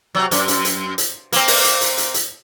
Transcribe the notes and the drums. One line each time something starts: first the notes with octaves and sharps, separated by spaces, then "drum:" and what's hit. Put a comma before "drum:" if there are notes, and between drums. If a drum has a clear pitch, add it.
C3 F#3
F#2, drum: hi-hat
drum: hi-hat
drum: hi-hat
drum: hi-hat
A#3 C4, drum: hi-hat
drum: open hi-hat
drum: hi-hat
drum: hi-hat
drum: hi-hat
drum: hi-hat